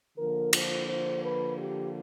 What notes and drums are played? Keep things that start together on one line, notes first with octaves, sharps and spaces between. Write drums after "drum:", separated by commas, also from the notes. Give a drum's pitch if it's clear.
D3 F3 A#3 A#4
C5, drum: cymbal
C5
B4
G4